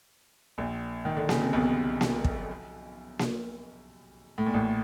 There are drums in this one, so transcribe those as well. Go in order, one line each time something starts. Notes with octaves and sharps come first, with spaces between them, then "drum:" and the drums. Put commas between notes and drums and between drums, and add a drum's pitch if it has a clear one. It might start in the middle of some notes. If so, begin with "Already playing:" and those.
A#1 A#2
D#3
D3
C#3, drum: snare A#3
C3
B1 B2
drum: snare A#3
drum: kick
drum: snare A#3
A2
A#2
A1 A2